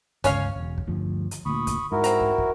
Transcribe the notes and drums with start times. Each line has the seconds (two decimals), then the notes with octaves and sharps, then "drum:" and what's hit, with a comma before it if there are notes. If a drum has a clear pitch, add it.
0.24 G1 C#2 C#4 C#5 F5, drum: kick, hi-hat
0.56 E1
0.78 drum: kick
0.87 G1 D2 F3
1.31 drum: hi-hat
1.46 D2 A#2 B5 C#6 D#6
1.67 drum: kick, hi-hat
1.92 G#2 E4 F#4 A#4
2.04 C4 A#5, drum: hi-hat
2.20 drum: kick
2.38 drum: kick